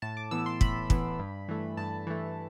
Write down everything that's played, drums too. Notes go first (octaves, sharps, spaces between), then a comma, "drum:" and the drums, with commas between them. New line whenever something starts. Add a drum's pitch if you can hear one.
A2 A5
D6
E3 B3 E6
C6
A2 B5, drum: kick
E3 B3, drum: kick
G2
E3 A3
G2 A5
E3 A3